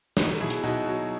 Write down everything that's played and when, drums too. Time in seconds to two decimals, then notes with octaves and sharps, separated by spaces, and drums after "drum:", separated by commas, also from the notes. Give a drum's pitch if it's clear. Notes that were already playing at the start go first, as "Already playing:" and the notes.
0.17 F#3 D#4 F#4, drum: snare
0.40 B2 E4 G#4
0.50 drum: hi-hat
0.63 B2 D#4 F#4
0.86 F#3